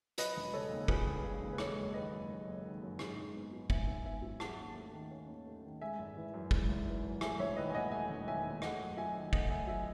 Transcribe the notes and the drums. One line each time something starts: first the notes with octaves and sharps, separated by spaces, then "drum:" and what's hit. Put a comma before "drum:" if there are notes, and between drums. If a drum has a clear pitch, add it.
F#3 B4 D#5, drum: hi-hat
E1
C#3 A4 C#5
D#2
F#3 G#4 B4, drum: kick
E1
C#3
D#2
B4
G#3 A4 C#5, drum: rim click
F#1
D#3 B4 D#5
F#2
G#3
F#1
D#3
F#2
G#2, drum: rim click
G#2
B3
F#3
G#2 E5 G#5, drum: kick
G#2 E5 G#5
B3 E5 G#5
F#3
C#4 F#5 A5, drum: rim click
D#2
A3
D#3
C#4
D#2
A3
D#3
G#3 E5 G#5
G#1
E3
F#2
G#3, drum: kick
G#1
E3
F#2
A3 E5 G#5, drum: rim click
E1 C#5 E5
D#3 B4 D#5
G#5
D#2 D#5 F#5
A3 E5 G#5
E1
D#3 E5 G#5
D#2
A3 D#5 F#5, drum: rim click
F#2
F#3 E5 G#5
D#3
A3 D#5 F#5, drum: kick
F#2 E5 G#5
F#3 E5 G#5